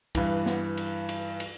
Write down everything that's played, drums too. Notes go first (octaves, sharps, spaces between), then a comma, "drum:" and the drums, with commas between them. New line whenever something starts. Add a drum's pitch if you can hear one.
G2 E3, drum: kick C2, cymbal
drum: snare
drum: cymbal
drum: cymbal
drum: cymbal